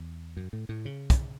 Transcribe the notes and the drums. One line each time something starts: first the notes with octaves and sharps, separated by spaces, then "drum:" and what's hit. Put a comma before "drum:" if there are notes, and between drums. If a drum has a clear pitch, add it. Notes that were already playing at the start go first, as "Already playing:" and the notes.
Already playing: E2
F#2
A2
A2
C#3
drum: kick, hi-hat